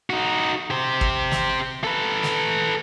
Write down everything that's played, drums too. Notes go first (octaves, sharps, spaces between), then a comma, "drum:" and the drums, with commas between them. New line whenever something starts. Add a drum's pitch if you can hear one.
D#4 F#4
G4 C5
drum: kick
drum: snare
A4 B4
drum: snare